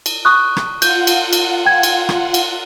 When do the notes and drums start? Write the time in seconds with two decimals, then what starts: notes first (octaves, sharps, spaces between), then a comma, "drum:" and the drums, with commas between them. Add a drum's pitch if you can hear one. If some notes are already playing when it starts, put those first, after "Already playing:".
0.06 drum: cymbal
0.25 C#6 D#6 F#6
0.57 drum: rim click
0.82 F4 F#5 G6, drum: cymbal
1.07 drum: cymbal
1.33 drum: cymbal
1.65 G5 G#6
1.83 drum: cymbal
2.09 drum: rim click
2.34 drum: cymbal